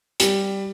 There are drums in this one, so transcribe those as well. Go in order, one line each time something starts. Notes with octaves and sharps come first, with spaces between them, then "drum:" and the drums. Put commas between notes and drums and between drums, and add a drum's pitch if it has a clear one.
G3, drum: hi-hat